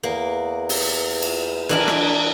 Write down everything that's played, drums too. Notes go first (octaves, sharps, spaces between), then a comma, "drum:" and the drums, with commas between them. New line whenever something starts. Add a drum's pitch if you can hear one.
E2 A#3
drum: open hi-hat
drum: cymbal
E3 D4 A#4, drum: cymbal
drum: rim click